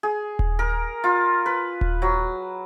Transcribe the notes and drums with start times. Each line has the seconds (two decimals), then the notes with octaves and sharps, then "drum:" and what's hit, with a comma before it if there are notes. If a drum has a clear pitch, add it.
0.03 G#4
0.39 drum: kick D#1
0.59 A#4
1.04 F4
1.46 B4
1.81 drum: kick D#1
2.02 F#3